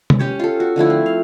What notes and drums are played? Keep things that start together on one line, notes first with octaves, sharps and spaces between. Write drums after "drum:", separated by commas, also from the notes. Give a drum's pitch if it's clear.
drum: tom
C#4 G4 C#5
F4 A4
F#4
D3 F3 A3 E4
C4
F5